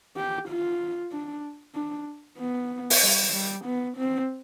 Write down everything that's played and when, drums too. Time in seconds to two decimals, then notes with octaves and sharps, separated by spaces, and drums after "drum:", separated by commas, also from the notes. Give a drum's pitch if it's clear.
0.17 G4
0.49 F4
1.12 D4
1.75 D4
2.38 B3
2.90 drum: open hi-hat
3.02 G3
3.33 G3
3.65 B3
3.97 C4